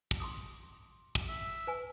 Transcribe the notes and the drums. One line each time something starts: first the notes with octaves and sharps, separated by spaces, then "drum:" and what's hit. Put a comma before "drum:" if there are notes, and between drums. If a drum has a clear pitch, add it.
drum: kick
C6 D6 D#6
drum: kick
E5
B4 G#5